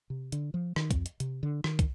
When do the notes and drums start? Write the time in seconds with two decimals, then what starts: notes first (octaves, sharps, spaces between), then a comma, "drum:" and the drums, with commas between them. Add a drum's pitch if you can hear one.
0.10 C3
0.32 D3, drum: hi-hat
0.54 F3
0.76 D#3, drum: rim click
0.91 F2, drum: kick, hi-hat
1.06 drum: hi-hat
1.20 C3, drum: hi-hat
1.43 D3
1.64 D#3, drum: rim click
1.79 drum: kick, hi-hat